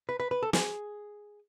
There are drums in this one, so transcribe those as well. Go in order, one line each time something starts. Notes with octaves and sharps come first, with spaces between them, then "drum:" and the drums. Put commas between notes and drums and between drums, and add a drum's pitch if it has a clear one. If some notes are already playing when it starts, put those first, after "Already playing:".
B4
B4
B4
A4
G#4, drum: snare